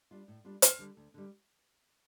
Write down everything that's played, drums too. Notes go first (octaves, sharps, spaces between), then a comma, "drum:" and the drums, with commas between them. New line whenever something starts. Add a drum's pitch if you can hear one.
G3 D4 F4
A2
G3 D4 F4
D2, drum: hi-hat
D3 G3
D2
D3 G3